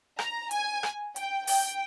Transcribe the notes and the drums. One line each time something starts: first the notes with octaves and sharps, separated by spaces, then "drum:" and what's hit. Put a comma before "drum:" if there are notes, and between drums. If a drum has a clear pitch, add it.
A#5, drum: rim click
G#5, drum: hi-hat
drum: rim click
G5, drum: hi-hat
G5, drum: open hi-hat